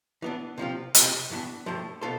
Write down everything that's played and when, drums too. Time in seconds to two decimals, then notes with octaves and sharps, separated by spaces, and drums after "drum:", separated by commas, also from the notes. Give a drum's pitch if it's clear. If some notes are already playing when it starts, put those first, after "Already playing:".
0.22 E3 B3 D4
0.58 C3 F3 C4 F4
0.94 F2 C3 F3, drum: hi-hat
1.30 G2 E3 B3 D4
1.66 G2 F3 A3
2.01 B2 B3 F4 A4 C5